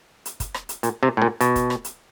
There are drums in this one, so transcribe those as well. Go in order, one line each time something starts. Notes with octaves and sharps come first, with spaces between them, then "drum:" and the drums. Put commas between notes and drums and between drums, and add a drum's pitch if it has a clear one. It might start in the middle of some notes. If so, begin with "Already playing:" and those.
drum: hi-hat
drum: kick, hi-hat
drum: rim click
drum: hi-hat
A#2, drum: hi-hat
C3
A2
A#2
B2, drum: hi-hat
drum: kick, hi-hat
drum: rim click
drum: hi-hat